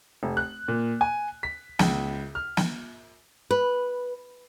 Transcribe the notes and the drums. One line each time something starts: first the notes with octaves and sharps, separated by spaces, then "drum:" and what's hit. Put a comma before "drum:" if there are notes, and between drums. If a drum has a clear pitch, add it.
F1
F#6
A#2
G#5
B6
C#2, drum: snare
F6
drum: snare
B4